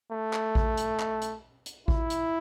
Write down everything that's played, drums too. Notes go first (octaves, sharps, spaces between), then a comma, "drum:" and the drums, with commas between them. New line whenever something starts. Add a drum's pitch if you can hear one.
A3
drum: clap
drum: kick A1
drum: hi-hat
drum: clap
drum: hi-hat
drum: hi-hat
E4, drum: kick A1
drum: hi-hat